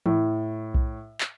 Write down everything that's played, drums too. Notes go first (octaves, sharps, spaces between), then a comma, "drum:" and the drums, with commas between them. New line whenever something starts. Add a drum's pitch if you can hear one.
A2, drum: tom E3
drum: kick B1
drum: clap